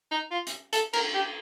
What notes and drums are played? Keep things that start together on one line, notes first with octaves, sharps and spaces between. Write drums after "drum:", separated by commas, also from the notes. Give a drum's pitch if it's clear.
D#4
F4
drum: hi-hat
A4, drum: hi-hat
A#4, drum: cymbal
G4